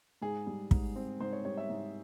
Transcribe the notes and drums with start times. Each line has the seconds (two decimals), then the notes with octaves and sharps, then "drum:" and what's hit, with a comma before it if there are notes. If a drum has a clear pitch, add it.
0.22 G#2 G#4
0.47 G3
0.71 G#2, drum: kick
0.96 C4
1.20 G#2 C5
1.33 C#5
1.45 G3 C#5
1.58 E5
1.70 G#2